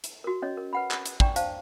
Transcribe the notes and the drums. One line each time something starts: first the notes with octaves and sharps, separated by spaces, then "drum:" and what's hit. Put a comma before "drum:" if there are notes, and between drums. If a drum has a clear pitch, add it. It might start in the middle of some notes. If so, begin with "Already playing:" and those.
drum: hi-hat
F#4 A#4
C#4 C#5 D#5
A#4
B4 F#5 B5
drum: clap
drum: hi-hat
D4 D5 G5 A#5 C#6, drum: kick
C5 F5 A5, drum: hi-hat